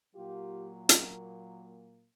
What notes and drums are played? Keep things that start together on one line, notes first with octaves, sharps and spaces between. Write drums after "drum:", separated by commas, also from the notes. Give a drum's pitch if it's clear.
A#2 F#3 A#3 F4 G4
drum: hi-hat